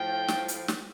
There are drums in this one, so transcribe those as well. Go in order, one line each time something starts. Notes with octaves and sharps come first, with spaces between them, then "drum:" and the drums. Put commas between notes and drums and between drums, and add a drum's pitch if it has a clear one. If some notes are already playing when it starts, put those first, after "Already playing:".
Already playing: A2 F3 G5
drum: snare
drum: hi-hat
drum: snare